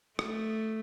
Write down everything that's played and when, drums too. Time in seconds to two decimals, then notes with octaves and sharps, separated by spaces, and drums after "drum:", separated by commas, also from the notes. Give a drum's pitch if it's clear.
0.19 A3, drum: rim click